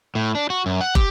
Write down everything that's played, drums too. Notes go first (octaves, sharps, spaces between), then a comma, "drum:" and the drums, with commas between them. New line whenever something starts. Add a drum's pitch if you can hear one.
A2
D4
F#4
F#2
F#5
G4, drum: kick